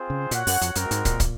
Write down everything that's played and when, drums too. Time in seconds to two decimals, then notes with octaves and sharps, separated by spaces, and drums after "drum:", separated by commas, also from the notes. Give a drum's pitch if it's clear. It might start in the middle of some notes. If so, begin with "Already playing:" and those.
Already playing: C4 F4 G#4 C5
0.10 C#3
0.31 A#2 F#4 C#5 F#5, drum: hi-hat
0.47 F#2, drum: open hi-hat
0.61 F2, drum: hi-hat
0.75 F#2 G#3 C4 F#4 A#4, drum: hi-hat
0.91 G#2, drum: hi-hat
1.05 A#2, drum: kick, hi-hat
1.20 drum: kick, hi-hat